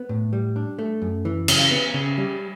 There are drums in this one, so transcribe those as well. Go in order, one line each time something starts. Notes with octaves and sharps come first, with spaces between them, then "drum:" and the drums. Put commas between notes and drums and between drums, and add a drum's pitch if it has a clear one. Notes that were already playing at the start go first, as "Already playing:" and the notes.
Already playing: B3
A2
G3
D4
A3
F#2
E3
C#3, drum: cymbal
B3
C#3
G3